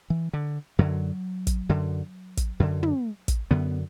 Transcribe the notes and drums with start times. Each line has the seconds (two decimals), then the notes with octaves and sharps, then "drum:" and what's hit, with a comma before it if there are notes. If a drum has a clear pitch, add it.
0.10 E3
0.33 D3
0.79 F#2 D3 F#3
1.47 drum: kick, hi-hat
1.69 F#2 D3
2.37 drum: kick, hi-hat
2.60 F#2 D3
2.83 drum: tom
3.28 drum: kick, hi-hat
3.51 F#2 D3 B3